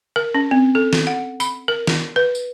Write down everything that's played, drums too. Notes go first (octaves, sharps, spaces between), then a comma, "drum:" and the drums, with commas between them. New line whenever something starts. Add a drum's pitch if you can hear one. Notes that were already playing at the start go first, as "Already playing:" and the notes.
A#4
C#4
C4
A4
drum: snare
F#5
B5, drum: tambourine
A#4
drum: snare
B4
drum: tambourine